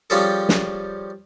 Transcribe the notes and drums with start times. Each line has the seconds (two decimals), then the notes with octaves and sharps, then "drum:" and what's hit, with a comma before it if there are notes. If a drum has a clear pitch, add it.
0.10 F3 G3 C4 C#4 G#4 A4
0.49 drum: snare